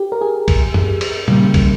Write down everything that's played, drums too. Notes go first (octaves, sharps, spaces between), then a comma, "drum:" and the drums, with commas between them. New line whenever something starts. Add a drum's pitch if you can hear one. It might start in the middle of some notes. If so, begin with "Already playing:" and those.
Already playing: G4
A#4
G#4
drum: kick, cymbal
drum: tom F#2
drum: cymbal
D#2 C#3 G3 A#3, drum: tom A#2
drum: kick, cymbal